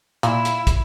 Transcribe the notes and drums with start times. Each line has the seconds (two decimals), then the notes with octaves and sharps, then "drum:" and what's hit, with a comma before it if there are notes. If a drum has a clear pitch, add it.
0.23 A#2 E4 F5, drum: hi-hat
0.45 drum: hi-hat
0.67 drum: kick, hi-hat